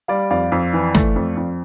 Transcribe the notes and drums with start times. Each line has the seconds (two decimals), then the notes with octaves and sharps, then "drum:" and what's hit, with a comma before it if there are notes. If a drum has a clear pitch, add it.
0.08 G3 D5 F5
0.30 F2 D5 F5
0.52 F2
0.73 E3
0.95 A3, drum: snare
1.16 F2
1.37 F2